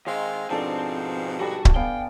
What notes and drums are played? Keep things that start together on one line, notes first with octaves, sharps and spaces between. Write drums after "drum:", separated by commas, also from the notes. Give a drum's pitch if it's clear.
D#3 G#3 C4 D#5 F5 G#5
G#2 B2 F3 C4 D4 A4 G5
G3 F#4 A4 G5
drum: kick C#1
B3 F5 G5 G#5